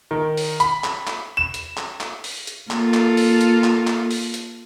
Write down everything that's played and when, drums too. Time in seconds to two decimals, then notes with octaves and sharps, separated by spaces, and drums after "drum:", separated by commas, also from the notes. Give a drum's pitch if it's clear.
0.11 D#3
0.37 drum: open hi-hat
0.60 B5, drum: hi-hat
0.84 drum: clap
1.07 drum: clap
1.37 E7
1.54 drum: hi-hat
1.77 drum: clap
2.01 drum: clap
2.24 drum: open hi-hat
2.47 drum: hi-hat
2.71 A#3 F4 A4, drum: clap
2.94 drum: clap
3.17 drum: open hi-hat
3.41 drum: hi-hat
3.64 drum: clap
3.87 drum: clap
4.11 drum: open hi-hat
4.34 drum: hi-hat